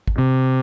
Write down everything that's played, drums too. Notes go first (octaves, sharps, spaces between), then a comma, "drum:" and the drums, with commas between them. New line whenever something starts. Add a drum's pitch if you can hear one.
drum: kick
C3